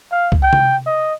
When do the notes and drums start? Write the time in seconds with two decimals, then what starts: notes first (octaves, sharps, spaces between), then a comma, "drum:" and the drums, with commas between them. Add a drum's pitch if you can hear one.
0.11 F5
0.32 drum: kick
0.43 G5
0.53 drum: tom C3
0.86 D#5